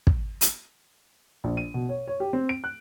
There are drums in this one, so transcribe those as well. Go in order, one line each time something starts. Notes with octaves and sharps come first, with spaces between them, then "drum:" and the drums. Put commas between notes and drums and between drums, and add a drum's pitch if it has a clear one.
drum: kick
drum: hi-hat
A#1
D#7
B2
C#5
C#5
G4
C4
D7
F#6